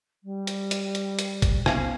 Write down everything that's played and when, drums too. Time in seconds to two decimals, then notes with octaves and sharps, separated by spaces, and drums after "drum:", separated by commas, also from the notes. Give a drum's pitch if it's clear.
0.24 G3
0.47 drum: hi-hat
0.71 drum: hi-hat
0.95 drum: hi-hat
1.19 drum: hi-hat
1.42 drum: kick, hi-hat
1.66 C2 C3 B3 C#4 F5, drum: rim click